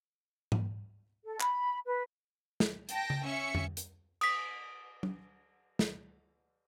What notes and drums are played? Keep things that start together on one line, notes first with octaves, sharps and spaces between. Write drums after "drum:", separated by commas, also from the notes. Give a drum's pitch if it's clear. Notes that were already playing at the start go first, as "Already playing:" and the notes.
drum: tom G#2
A4
B5, drum: clap
B4
drum: snare
G5 A5 A#6, drum: hi-hat
drum: tom C#3
C#4 E5 C#6 C#7
drum: tom F2
drum: hi-hat
D#6 B6, drum: cymbal
drum: tom F#3
drum: snare